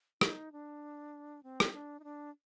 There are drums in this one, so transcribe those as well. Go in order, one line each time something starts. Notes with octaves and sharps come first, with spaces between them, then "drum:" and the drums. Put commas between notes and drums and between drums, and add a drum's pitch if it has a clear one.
D#4, drum: rim click
D4
C4
drum: rim click
D4
D#4
D4